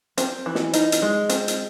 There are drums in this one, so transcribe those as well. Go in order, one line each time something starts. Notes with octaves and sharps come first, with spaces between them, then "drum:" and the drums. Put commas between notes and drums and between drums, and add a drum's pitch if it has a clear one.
C4, drum: hi-hat
E3
drum: snare
D#4, drum: hi-hat
drum: hi-hat
G#3
C4, drum: hi-hat
drum: hi-hat